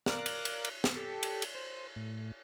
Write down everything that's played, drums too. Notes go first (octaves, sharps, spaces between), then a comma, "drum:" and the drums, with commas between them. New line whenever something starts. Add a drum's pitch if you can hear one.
A#4 D5 F5 F#6, drum: snare
drum: cymbal
drum: cymbal
drum: cymbal
drum: snare
G4 A4
drum: cymbal
drum: cymbal
C5
A2